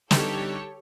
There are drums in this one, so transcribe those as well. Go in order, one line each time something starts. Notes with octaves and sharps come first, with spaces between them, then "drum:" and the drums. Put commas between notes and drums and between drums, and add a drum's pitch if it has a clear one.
D3 G3 D#4 G4 A4 C#5, drum: snare